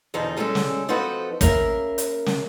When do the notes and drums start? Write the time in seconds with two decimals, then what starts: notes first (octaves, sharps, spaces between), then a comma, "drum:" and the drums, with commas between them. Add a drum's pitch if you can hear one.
0.14 E2 B2 D3 F3 D#4
0.37 G3 G#3 C#4 G#4 A4
0.55 drum: snare
0.88 F3 C4 D#4 F#4 A4 B4
1.41 C#3 A#3 A#4 E5, drum: kick, hi-hat
1.98 drum: hi-hat
2.26 drum: snare